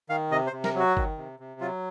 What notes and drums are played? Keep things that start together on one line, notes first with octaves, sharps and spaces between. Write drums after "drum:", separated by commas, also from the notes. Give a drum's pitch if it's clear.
D#3 F5
C3 D#5
C5
C3
A#4, drum: snare
F#3 F#4
D#3, drum: kick G1
C3
C3
F#3 F4